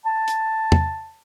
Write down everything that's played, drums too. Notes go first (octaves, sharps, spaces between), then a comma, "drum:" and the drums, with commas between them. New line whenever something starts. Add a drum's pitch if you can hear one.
A5
drum: hi-hat
drum: tom E2